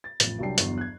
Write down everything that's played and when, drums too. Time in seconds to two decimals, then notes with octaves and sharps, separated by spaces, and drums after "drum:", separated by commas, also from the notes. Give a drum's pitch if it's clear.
0.04 A6
0.20 A1 F2, drum: hi-hat
0.39 C2 F#3 G3 D4 G5 C7
0.58 G1 E2 F#3, drum: hi-hat
0.78 F#6 G#6